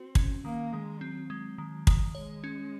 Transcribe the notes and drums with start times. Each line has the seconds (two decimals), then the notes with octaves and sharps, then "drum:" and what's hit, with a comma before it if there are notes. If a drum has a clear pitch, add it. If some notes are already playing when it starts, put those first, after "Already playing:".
Already playing: C4 F#4
0.15 C#4, drum: kick
0.45 D#3 A#3
0.72 D#3 G#3
1.01 F#3 C4
1.30 F#3 G#3
1.58 D#3
1.72 F#3
1.87 D#3, drum: kick
2.15 G#3 C#5
2.44 C#4